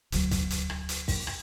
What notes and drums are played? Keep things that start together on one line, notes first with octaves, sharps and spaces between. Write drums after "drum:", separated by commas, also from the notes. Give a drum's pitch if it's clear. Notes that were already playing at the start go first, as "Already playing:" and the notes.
E1 D2 F#3, drum: hi-hat
drum: kick, hi-hat
drum: hi-hat
drum: rim click
drum: hi-hat
drum: kick, open hi-hat
drum: rim click